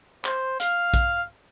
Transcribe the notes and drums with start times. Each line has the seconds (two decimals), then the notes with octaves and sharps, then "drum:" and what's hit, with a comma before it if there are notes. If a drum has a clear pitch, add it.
0.25 C5, drum: clap
0.60 F5, drum: hi-hat
0.94 drum: kick A#1, hi-hat